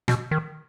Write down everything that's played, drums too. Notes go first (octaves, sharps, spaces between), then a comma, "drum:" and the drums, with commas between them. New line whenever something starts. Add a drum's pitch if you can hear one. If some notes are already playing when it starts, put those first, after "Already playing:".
B2, drum: rim click
D#3